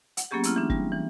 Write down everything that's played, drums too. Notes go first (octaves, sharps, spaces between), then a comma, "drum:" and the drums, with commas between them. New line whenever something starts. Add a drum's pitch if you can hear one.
F#5, drum: hi-hat
F#3 A#3 B3 C#4 G4 G#4
A3 C4 E4 F6, drum: hi-hat
E3 D4
G3, drum: kick
E3